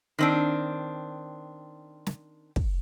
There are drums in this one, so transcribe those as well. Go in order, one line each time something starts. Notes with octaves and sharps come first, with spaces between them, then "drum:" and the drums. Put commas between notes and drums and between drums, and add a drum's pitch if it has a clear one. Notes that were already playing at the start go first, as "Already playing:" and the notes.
D#3 C4 D4
drum: snare
drum: kick